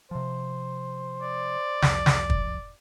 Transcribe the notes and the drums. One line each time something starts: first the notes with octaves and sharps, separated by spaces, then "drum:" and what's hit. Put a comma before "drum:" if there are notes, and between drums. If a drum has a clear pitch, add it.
C3 F3 C5
D5
C2 F2 F3, drum: snare
drum: snare
drum: kick